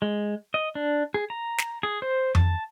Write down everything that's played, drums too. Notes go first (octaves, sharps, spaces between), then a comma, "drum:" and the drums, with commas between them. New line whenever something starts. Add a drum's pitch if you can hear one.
G#3
D#5
D4
G#4
A#5
drum: snare
G#4
C5
A5, drum: tom F2